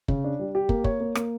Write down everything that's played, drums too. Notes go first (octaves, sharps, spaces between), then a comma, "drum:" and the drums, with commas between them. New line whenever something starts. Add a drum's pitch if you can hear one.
C#3, drum: kick
D4
G3
G4
A#3, drum: kick
C#5, drum: kick
A#3
A#3, drum: rim click